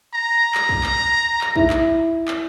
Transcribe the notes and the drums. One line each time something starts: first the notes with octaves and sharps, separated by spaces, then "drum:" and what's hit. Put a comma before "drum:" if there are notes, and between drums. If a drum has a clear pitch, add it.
A#5
drum: clap
drum: kick
drum: clap
drum: clap
E4, drum: kick
drum: clap
drum: clap